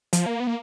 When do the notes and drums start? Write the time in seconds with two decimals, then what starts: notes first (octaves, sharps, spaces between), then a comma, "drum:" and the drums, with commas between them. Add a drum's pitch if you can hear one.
0.13 F3, drum: hi-hat
0.26 A#3
0.40 B3
0.47 A#3